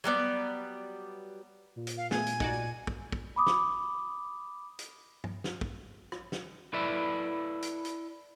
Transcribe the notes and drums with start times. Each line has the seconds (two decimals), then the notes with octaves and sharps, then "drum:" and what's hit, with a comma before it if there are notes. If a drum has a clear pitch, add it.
0.04 F#3 G3 B3 D5
1.76 A#2
1.87 drum: hi-hat
1.97 F5
2.11 A3 B3 G#4 G#5, drum: snare
2.27 drum: hi-hat
2.40 D#4 F#4 D5, drum: kick
2.87 drum: kick
3.12 drum: kick
3.36 B5 D6 D#6
3.47 drum: snare
4.79 drum: hi-hat
5.24 drum: tom G2
5.44 drum: snare
5.61 drum: kick
6.12 drum: rim click
6.32 drum: snare
6.73 E4 A4 B4 D5 E5
7.62 drum: hi-hat
7.85 drum: hi-hat